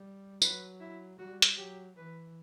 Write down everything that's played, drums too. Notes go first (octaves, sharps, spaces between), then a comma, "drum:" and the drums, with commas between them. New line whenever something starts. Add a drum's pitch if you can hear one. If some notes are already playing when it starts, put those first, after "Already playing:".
Already playing: G3
F#3 B4, drum: tambourine
E4
G3 F#4
drum: hi-hat
F#3 G4
E3 B4